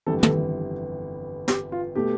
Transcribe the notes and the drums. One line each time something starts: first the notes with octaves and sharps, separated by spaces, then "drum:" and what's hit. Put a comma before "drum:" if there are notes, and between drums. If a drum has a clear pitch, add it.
G1 F2 E3 G3 A4
A4, drum: tom
G4, drum: snare
F4
B2 A3 G4